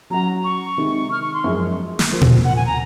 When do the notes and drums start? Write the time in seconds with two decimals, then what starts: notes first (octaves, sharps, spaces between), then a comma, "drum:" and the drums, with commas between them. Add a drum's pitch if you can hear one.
0.10 F#3 C#4 F#4 A#5
0.44 C#6
0.77 C3 D#3 G#3
1.11 F6
1.22 C#6
1.33 C6
1.44 F#2 F3 G#3 C#4 G#4
1.99 drum: snare
2.11 F3 A#3 F4 C5
2.21 drum: tom A#2
2.44 F#5
2.56 G#5
2.66 A#5